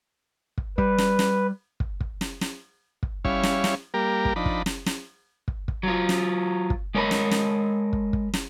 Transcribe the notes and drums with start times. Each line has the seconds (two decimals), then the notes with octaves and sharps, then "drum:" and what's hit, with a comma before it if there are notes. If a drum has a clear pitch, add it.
0.58 drum: kick
0.78 G3 B4, drum: kick
0.98 drum: snare
1.19 drum: snare
1.80 drum: kick
2.00 drum: kick
2.21 drum: snare
2.41 drum: snare
3.03 drum: kick
3.25 G3 C#4 E4 C#5 F5, drum: kick
3.43 drum: snare
3.64 drum: snare
3.94 G3 A#3 G4 A#4
4.25 drum: kick
4.36 F3 D4 D#4 B5
4.46 drum: kick
4.66 drum: snare
4.86 drum: snare
5.48 drum: kick
5.68 drum: kick
5.83 F#3 F4
6.09 drum: snare
6.70 drum: kick
6.95 G#3 A#4 C#5 D#5 G5 B5
7.11 drum: snare
7.31 drum: snare
7.93 drum: kick
8.13 drum: kick
8.34 drum: snare